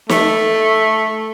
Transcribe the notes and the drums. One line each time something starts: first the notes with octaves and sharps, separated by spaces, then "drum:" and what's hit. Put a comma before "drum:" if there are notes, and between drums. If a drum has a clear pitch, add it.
A3, drum: snare